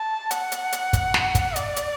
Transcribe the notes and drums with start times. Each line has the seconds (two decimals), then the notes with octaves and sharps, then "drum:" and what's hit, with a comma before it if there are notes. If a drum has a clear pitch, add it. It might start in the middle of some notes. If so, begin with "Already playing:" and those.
Already playing: A5
0.31 F#5, drum: hi-hat
0.52 drum: hi-hat
0.72 drum: hi-hat
0.93 drum: kick, hi-hat
1.14 drum: snare
1.35 drum: kick, hi-hat
1.56 D5, drum: hi-hat
1.76 drum: hi-hat